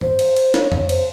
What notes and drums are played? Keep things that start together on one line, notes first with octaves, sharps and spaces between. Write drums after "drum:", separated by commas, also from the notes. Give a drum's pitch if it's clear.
C5, drum: tom G2
drum: cymbal
drum: cymbal
C#5, drum: snare
C#5, drum: tom F2
C5, drum: cymbal